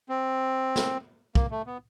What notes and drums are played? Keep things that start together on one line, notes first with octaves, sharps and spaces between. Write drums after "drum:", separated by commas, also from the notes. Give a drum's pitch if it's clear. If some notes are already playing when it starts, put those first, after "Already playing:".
C4
drum: snare
A#3, drum: kick
A3
B3